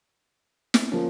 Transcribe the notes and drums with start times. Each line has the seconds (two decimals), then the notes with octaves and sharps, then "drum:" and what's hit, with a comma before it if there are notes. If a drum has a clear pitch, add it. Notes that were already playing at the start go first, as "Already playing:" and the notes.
0.74 drum: snare
0.92 F3 A#3 C#4